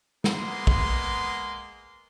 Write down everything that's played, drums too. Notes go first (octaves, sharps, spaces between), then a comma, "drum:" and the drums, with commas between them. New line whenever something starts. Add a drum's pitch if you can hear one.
G#3 A#3 B3 C6, drum: snare
drum: kick